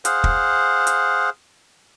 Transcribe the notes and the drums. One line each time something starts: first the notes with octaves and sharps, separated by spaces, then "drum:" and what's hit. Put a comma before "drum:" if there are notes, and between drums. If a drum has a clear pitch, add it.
G#4 C5 F5 F#5, drum: hi-hat
drum: kick
drum: hi-hat